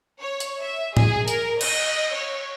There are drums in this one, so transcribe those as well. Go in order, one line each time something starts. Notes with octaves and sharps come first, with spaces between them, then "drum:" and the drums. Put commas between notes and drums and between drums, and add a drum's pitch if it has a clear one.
C#5
drum: hi-hat
E5
G#4, drum: tom A2
A#4, drum: hi-hat
D#5, drum: cymbal
C#5